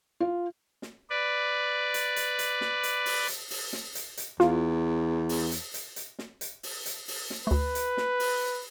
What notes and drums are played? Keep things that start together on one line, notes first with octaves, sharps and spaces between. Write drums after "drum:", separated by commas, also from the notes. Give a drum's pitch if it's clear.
F4
drum: snare
B4 D5
drum: hi-hat
drum: hi-hat
drum: hi-hat
drum: snare
drum: hi-hat
drum: open hi-hat
drum: hi-hat
drum: open hi-hat
drum: snare
drum: hi-hat
drum: hi-hat
E2 F4, drum: snare
drum: open hi-hat
drum: hi-hat
drum: hi-hat
drum: hi-hat
drum: snare
drum: hi-hat
drum: open hi-hat
drum: hi-hat
drum: open hi-hat
drum: snare
D2 A3 B4
drum: hi-hat
drum: snare
drum: open hi-hat